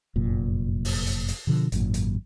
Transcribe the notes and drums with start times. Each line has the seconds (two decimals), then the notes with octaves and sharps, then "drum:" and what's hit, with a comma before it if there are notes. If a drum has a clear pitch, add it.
0.16 F1 F#2 A#2
0.85 drum: open hi-hat
1.07 drum: hi-hat
1.28 drum: hi-hat
1.47 B2 D3 F3
1.72 G#1 F#2 A#2, drum: hi-hat
1.94 drum: hi-hat